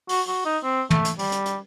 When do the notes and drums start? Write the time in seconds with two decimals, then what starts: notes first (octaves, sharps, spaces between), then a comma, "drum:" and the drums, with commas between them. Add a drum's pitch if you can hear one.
0.09 F#4, drum: open hi-hat
0.28 F#4
0.45 D#4
0.64 C4
0.90 A3, drum: tom
1.05 drum: hi-hat
1.19 G3, drum: open hi-hat
1.32 drum: hi-hat
1.45 drum: hi-hat